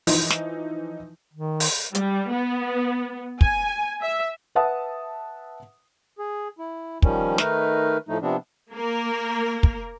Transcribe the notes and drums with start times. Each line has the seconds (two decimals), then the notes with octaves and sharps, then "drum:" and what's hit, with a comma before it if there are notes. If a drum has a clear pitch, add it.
0.07 E3 F3 D#4, drum: open hi-hat
0.30 drum: snare
1.34 D#3
1.60 drum: open hi-hat
1.95 G3, drum: hi-hat
2.32 B3
3.41 G#5, drum: kick
4.02 E5
4.55 B4 E5 F#5 A5 D#6
6.19 G#4
6.59 E4
7.02 D#3 F3 G3 C#4, drum: kick
7.38 D#3 A3 D#4 A#4 B4, drum: snare
8.08 A2 F3 A3 D#4
8.21 C3 F3 B3 C4 D4
8.72 A#3 A#4
9.63 drum: kick